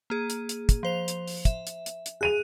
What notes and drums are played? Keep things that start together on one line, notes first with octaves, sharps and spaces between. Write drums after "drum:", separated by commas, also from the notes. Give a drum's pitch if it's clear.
A#3 G#4
drum: hi-hat
drum: hi-hat
drum: kick, hi-hat
F3 C5 F7
drum: hi-hat
drum: open hi-hat
E5, drum: kick, hi-hat
drum: hi-hat
drum: hi-hat
drum: hi-hat
G#4 F#6 D#7 F7